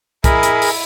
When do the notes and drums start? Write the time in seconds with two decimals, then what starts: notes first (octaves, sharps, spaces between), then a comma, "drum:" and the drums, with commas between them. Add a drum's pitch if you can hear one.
0.24 E4 G#4 A#4 D#5 B5, drum: kick, hi-hat
0.43 drum: hi-hat
0.62 drum: open hi-hat